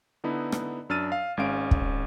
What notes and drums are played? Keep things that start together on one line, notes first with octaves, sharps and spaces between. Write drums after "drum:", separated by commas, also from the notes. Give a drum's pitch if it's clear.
D3 B3 D#4 E4
drum: rim click
F#2 D4 E6 F6 A6 D#7
F5
G#1 G#3 C#4 F5 D7
drum: kick